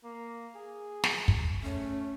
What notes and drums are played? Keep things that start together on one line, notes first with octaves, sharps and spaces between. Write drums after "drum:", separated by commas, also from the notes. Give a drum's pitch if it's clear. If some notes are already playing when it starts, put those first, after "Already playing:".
A#3
G#4
drum: snare
drum: kick
A3 C#4